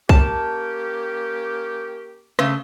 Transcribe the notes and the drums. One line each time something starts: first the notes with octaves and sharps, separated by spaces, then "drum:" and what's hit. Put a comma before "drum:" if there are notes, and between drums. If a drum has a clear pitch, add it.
A#3 C#4 G4 A5, drum: kick B1
C#3 A3, drum: rim click